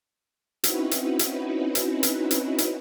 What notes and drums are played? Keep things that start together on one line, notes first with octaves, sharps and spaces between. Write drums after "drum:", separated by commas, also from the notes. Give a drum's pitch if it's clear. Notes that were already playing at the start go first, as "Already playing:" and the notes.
C4 C#4 D#4 E4 F#4 B4, drum: hi-hat
drum: hi-hat
drum: hi-hat
drum: hi-hat
drum: hi-hat
drum: hi-hat
drum: hi-hat